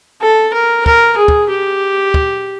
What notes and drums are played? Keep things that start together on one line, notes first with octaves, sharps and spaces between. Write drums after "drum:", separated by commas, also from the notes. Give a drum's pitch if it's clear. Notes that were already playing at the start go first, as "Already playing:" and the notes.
A4
A#4
A#4, drum: kick
G#4
drum: kick
G4
drum: kick